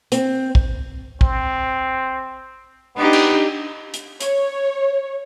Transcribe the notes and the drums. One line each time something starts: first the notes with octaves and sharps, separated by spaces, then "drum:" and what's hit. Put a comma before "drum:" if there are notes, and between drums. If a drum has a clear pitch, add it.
C4, drum: hi-hat
drum: kick
C4, drum: kick
B3 D4 D#4 G4
drum: cymbal
drum: hi-hat
C#5, drum: hi-hat